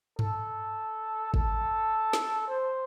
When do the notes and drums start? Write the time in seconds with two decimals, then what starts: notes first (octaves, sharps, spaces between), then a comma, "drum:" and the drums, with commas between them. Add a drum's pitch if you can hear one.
0.19 A4, drum: tom G2
1.34 A4, drum: kick G#1
2.13 drum: snare
2.47 C5